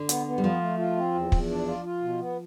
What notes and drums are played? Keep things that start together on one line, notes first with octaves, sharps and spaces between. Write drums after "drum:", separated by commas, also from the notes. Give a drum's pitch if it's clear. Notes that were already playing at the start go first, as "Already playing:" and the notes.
Already playing: D3
B3, drum: hi-hat
B3
G3
F3 F4
A3
F4
C4
E2
E2, drum: kick
D4
F4
F4
B2
B3